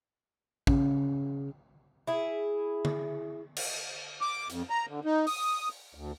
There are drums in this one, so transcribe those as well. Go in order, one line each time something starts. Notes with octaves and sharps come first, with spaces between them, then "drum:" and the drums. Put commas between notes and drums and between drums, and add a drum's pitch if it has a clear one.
C#3, drum: kick
E4 G#4
drum: tom D3
drum: cymbal
D6
F2, drum: hi-hat
A#5
D3
D#4
D#6, drum: open hi-hat
D2